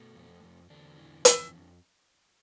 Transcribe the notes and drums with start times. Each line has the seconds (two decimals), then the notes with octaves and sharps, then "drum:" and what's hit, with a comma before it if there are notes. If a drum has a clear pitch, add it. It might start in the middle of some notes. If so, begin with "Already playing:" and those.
Already playing: B2 A3 A4
0.15 F2
0.43 F2
0.70 E2 D3 D4
0.98 E3
1.25 F2, drum: hi-hat